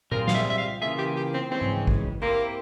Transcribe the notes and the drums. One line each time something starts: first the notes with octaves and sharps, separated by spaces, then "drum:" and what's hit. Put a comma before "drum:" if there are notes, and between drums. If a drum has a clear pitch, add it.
G3 C4 F4 G#4 A#4, drum: tom A#2
F5, drum: snare
E5
E5
F5
C#3 E3 A#3 F4 G#4 E5
G4
G4
C4
C#3 E3 G#3 C4 C#4
drum: tom G#2
drum: kick
A#3 C4 E4 G4 C5